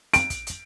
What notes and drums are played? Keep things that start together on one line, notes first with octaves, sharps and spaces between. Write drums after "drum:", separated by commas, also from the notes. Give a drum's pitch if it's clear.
D7, drum: hi-hat
drum: kick, hi-hat
drum: hi-hat